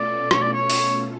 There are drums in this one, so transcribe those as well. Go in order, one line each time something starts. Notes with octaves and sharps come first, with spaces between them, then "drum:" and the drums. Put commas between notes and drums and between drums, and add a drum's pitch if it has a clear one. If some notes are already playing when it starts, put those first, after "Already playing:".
Already playing: B2 A3 C#4 F4 A4 D5
C#5, drum: rim click
D5
C#5
drum: open hi-hat